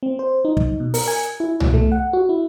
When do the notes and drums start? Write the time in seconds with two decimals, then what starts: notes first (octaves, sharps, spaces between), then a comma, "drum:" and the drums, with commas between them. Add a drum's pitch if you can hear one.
0.03 C4
0.19 C5
0.45 D#4
0.57 drum: kick
0.80 B2
0.94 A#4, drum: open hi-hat
1.08 G#5
1.40 E4
1.60 B2, drum: tom C2
1.74 A3
1.92 F#5
2.13 F#4
2.29 E4